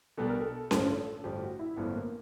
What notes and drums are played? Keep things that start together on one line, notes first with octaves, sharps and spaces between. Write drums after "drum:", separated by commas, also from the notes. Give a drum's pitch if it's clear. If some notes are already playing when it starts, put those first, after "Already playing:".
B1 B2 G3 B3 D4 A4
A#4
A4
A1 G2 D3 F3 A4, drum: snare C#4
A1 G2 D3 F3 G4
F#4
E4
A1 G2 D3 F3 B3
A#3